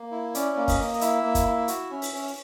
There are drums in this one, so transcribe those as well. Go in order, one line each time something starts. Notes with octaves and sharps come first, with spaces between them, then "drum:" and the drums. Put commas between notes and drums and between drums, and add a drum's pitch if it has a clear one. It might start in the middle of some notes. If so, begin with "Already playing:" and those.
Already playing: A#3
E4
C#4 D5, drum: hi-hat
A#3
D#5, drum: kick, open hi-hat
A#3
D#5
E4 E5, drum: hi-hat
A#3
drum: kick, hi-hat
E4
F#4, drum: hi-hat
C#4
drum: open hi-hat
C#4